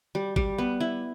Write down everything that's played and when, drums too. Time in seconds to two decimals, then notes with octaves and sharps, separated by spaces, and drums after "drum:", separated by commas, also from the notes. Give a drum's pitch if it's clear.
0.15 G3
0.36 G3, drum: kick G#1
0.58 B3
0.81 E4